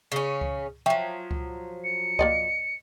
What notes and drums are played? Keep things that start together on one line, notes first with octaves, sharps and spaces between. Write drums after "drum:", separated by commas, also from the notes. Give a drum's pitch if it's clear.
C#3 C#4
drum: kick C#2
F3 F#3 E5 G5 C#6
drum: kick C#2
C#7
A#3 D5 D#5, drum: kick C#2